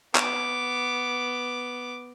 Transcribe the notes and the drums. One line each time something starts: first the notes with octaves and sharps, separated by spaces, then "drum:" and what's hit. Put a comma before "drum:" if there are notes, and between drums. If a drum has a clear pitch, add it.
B3 D6, drum: clap